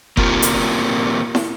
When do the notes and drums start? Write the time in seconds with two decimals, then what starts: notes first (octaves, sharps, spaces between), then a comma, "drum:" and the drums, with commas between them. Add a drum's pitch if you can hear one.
0.17 A#3 C4 F4 G4 A#4, drum: kick F#1
0.42 drum: hi-hat
1.35 drum: snare